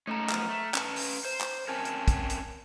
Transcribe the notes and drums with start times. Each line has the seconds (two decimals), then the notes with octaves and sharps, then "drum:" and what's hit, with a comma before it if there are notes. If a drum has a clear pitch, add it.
0.07 A3 C#4 D#4 A4 A#5
0.30 F#2 F3 B3 A#5 F6, drum: clap
0.48 A3
0.74 C#4 B4 A5, drum: clap
0.96 drum: open hi-hat
1.25 C5
1.41 drum: clap
1.68 C4 C#4 A#4 G#5 A5 G#6
1.85 drum: hi-hat
2.08 drum: kick, hi-hat
2.30 drum: hi-hat